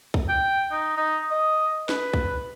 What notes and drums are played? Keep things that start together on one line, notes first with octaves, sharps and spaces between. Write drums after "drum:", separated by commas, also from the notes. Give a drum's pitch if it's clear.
drum: kick
G5
D#4
D#4
D#5
B4, drum: snare C#4
drum: kick